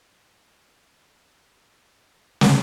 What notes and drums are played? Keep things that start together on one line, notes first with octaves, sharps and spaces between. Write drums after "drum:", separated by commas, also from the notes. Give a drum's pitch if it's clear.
D2 G3 B3 F4 D5 D#5
drum: snare